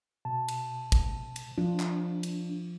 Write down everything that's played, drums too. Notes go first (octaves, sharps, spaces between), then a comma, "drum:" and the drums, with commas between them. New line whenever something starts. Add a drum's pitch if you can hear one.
B2 A5
drum: cymbal
drum: kick, cymbal
drum: cymbal
F3 D4 F4
drum: clap
drum: cymbal